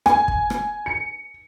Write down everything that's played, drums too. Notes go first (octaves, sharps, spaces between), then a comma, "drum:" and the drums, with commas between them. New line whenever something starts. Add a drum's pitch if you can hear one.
G#5, drum: rim click
drum: kick
drum: rim click
C#7